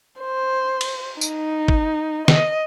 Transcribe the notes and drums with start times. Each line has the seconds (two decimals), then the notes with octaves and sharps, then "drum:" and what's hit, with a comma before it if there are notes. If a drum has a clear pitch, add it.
0.21 C5
0.81 drum: cymbal
1.21 D#4, drum: tambourine
1.68 drum: kick
2.28 D#5, drum: snare